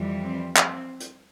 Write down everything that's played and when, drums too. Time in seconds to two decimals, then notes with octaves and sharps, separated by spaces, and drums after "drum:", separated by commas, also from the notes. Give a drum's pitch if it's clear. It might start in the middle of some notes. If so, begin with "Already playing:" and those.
Already playing: F2 E3 G3
0.24 C4
0.57 C4, drum: clap
1.00 drum: hi-hat